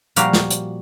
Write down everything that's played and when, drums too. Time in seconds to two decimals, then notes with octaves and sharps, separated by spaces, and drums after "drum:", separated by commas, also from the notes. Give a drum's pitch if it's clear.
0.16 A#2 F3 G3 A#3 F#4 F5, drum: hi-hat
0.33 drum: snare
0.50 drum: hi-hat